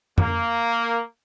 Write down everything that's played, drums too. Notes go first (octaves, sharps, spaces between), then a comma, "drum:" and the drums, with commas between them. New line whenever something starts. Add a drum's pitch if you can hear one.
A#3, drum: tom F2